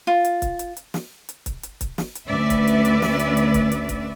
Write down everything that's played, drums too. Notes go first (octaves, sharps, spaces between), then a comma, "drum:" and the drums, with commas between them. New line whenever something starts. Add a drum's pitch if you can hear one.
F4
drum: hi-hat
drum: kick C#1, hi-hat
drum: hi-hat
drum: hi-hat
drum: snare
drum: hi-hat
drum: kick C#1, hi-hat
drum: hi-hat
drum: kick C#1, hi-hat
drum: snare
drum: hi-hat
D2 C#4 B4 D5 E5
drum: kick C#1, hi-hat
drum: hi-hat
drum: hi-hat
drum: snare
drum: hi-hat
drum: hi-hat
drum: kick C#1, hi-hat
drum: hi-hat
drum: kick C#1, hi-hat